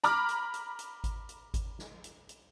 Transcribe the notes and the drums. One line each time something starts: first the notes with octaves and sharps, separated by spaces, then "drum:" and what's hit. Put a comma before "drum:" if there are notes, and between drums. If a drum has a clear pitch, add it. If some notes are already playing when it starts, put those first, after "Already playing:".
A#5 B5 D6 F6, drum: hi-hat
drum: hi-hat
drum: hi-hat
drum: hi-hat
drum: kick G#1, hi-hat
drum: hi-hat
drum: kick G#1, hi-hat
drum: snare
drum: hi-hat
drum: hi-hat